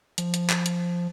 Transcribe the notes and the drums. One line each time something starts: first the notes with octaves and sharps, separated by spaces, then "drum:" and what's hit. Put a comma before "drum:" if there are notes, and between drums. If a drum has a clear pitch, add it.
F3, drum: hi-hat
drum: hi-hat
drum: clap
drum: hi-hat